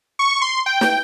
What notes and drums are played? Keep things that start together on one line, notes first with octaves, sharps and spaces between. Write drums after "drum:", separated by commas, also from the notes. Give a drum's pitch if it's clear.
C#6
C6
G5
drum: snare